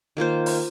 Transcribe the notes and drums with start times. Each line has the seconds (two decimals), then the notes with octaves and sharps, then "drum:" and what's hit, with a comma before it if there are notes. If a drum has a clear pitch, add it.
0.17 D#3 A#3 F4 C5
0.46 drum: open hi-hat